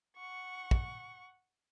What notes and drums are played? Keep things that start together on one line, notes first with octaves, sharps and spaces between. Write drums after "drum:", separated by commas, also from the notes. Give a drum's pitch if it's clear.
F#5 C#6
drum: kick